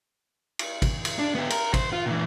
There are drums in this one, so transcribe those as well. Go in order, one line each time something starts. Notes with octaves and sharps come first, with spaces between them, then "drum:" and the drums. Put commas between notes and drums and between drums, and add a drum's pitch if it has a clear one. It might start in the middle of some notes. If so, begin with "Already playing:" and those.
drum: cymbal
drum: kick, cymbal
drum: cymbal
D4
B3 G4
A#4, drum: cymbal
C5, drum: kick, cymbal
F4
A#2 E3